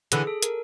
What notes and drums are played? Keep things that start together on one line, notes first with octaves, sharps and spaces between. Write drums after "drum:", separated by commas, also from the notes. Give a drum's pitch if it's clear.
D3 E3 G#4, drum: hi-hat
A4
A#4, drum: hi-hat